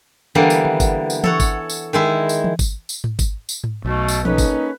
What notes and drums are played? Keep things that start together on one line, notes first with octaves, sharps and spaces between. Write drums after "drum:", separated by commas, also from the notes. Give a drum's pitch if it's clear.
D3 E3 G3 A#3 B3
drum: tambourine
drum: tom
drum: kick, tambourine
drum: tambourine
A4 C#5 F#5, drum: tom E3
drum: kick, tambourine
drum: tambourine
D#3 G#3 E4
drum: tambourine
drum: tom E3
drum: kick, tambourine
drum: tambourine
drum: tom G#2
drum: kick, tambourine
drum: tambourine
drum: tom G#2
B1 B2 A3
drum: tambourine
A#3 C#4 D#4 A4 B4, drum: tom E3
drum: kick, tambourine